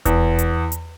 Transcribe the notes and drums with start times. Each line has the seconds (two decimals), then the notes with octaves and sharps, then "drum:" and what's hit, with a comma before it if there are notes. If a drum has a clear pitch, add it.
0.05 E2, drum: kick D#1, hi-hat
0.39 drum: hi-hat
0.72 drum: hi-hat